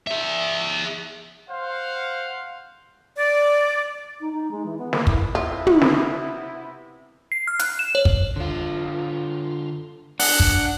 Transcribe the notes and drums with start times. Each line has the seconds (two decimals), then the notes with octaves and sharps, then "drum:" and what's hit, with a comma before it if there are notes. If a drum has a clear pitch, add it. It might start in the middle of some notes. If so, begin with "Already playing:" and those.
0.07 G#4 E5
1.49 C5 F5 F#5
3.15 D5
4.21 D#4
4.33 D#4
4.51 G#3
4.66 E3
4.79 B3
4.93 A#3, drum: snare
5.07 E4, drum: kick
5.35 C3 B3 E4 F4
5.67 drum: tom
5.81 drum: snare
7.32 C7
7.48 F6
7.59 F#6, drum: hi-hat
7.79 E7
7.95 C#5
8.05 drum: kick
8.36 D3 F4
10.20 D4 F#5, drum: open hi-hat
10.40 drum: kick